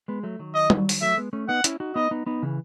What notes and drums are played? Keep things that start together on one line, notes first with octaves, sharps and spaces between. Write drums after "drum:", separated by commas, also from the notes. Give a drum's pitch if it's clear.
G#3 B3
F#3 A3
D#3 F#3
D#5
drum: tom G3
drum: open hi-hat
F#3 A3 E5
G#3 B3
A3 C#4
B3 D#4 F#5
C#4 E4, drum: hi-hat
D#4 F#4
B3 D#4 D#5
B3 D#4
B3 D#4
C#3 E3